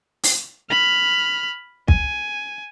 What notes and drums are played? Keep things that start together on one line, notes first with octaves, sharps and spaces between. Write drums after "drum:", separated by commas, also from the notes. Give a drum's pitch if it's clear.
drum: open hi-hat
B5 F6
G#5, drum: kick